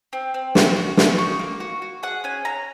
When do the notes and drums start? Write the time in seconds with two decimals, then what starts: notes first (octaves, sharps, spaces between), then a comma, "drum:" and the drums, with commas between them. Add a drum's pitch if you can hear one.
0.13 C4
0.34 C4
0.55 F#4, drum: snare
0.76 F#4
0.97 F#4, drum: snare
1.18 D#4 C#6
1.39 A#3
1.60 F#4
1.82 F#4
2.03 G#4 F#5
2.24 C#4 G#5
2.45 C#4 A#5